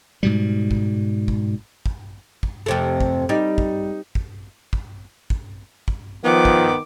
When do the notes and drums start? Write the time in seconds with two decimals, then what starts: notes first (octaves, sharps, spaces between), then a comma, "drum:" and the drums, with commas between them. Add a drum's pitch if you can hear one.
0.23 G#2 B2 G3
0.71 drum: kick
1.28 drum: kick
1.86 drum: kick
2.43 drum: kick
2.66 F2 C3 A3
3.00 drum: kick
3.29 G3 D#4
3.58 drum: kick
4.15 drum: kick
4.73 drum: kick
5.30 drum: kick
5.88 drum: kick
6.24 D#3 F3 B3 D6
6.45 drum: kick